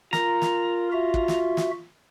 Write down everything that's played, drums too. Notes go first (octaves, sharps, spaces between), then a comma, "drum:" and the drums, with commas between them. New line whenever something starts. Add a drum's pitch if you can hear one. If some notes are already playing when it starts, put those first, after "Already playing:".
F4 A#4 A#5, drum: snare
drum: snare
F#4 E5
drum: kick
drum: snare
drum: snare